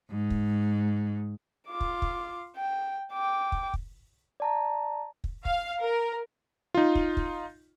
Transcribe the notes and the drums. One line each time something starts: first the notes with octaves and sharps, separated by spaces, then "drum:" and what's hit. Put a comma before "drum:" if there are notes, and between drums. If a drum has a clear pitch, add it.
G#2
drum: kick
F4 D6
drum: kick
drum: kick
G5
G5 D6
drum: kick
drum: kick
D5 A5 A#5
drum: kick
F5, drum: kick
A#4
D#4 F4
drum: kick
drum: kick